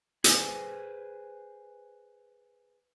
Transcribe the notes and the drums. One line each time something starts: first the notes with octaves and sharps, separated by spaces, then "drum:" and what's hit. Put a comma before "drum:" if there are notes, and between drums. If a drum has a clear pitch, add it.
G#4 B4 C5 G#5, drum: hi-hat